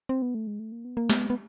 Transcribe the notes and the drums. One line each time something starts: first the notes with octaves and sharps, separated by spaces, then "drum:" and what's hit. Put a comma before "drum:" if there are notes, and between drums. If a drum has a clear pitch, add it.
C4
B3
A3
G#3
A3
A#3
B3
A#3
B3, drum: snare
B3